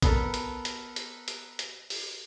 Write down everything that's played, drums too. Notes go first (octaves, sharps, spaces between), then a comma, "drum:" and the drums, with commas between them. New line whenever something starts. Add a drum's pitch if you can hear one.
B3 A4 A#4, drum: kick, hi-hat
drum: hi-hat
drum: hi-hat
drum: hi-hat
drum: hi-hat
drum: hi-hat
drum: open hi-hat